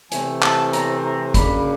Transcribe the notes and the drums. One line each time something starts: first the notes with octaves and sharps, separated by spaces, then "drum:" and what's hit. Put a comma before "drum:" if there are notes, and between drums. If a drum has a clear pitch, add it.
C3 E3 A3 C4 G#5, drum: hi-hat
A5, drum: clap
A#5, drum: hi-hat
A#5
C#3 F#3 A#3 D4 B5, drum: kick, hi-hat